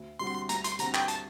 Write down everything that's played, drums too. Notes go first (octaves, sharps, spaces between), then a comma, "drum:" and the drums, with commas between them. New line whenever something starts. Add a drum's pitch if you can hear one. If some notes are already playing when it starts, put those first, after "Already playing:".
Already playing: D2
D3 G3 C4 F#4 C6
D2 A#5, drum: hi-hat
C6, drum: hi-hat
D3 G3 C4 F#4 A#5, drum: hi-hat
G5, drum: clap
A5, drum: hi-hat